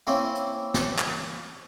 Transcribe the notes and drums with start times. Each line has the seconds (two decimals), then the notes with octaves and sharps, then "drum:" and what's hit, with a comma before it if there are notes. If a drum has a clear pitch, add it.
0.07 A#3 C4 C#4 E4
0.35 drum: hi-hat
0.74 drum: snare
0.98 drum: clap